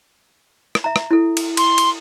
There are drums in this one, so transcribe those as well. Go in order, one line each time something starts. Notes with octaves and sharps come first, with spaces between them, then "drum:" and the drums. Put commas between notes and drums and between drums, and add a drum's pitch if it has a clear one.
drum: rim click
E5 A#5
drum: rim click
E4 A4
drum: cymbal
C6, drum: cymbal
drum: cymbal